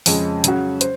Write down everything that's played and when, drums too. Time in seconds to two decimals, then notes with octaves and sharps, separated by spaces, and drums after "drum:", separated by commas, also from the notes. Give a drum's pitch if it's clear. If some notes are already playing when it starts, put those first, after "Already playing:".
0.06 F2 C#3 G#3, drum: open hi-hat
0.44 C#3 F#3 C#4 F#4, drum: hi-hat
0.81 C5, drum: hi-hat